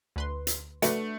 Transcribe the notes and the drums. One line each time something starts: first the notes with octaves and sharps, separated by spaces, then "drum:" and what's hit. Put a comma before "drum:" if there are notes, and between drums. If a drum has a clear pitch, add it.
D2 B4 C6
drum: hi-hat
A3 D4 F#4 B4, drum: hi-hat